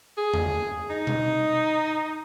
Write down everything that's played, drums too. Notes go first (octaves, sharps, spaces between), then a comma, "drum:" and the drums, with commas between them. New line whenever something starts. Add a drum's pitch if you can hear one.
G#4
drum: tom E2
D#4
drum: tom B2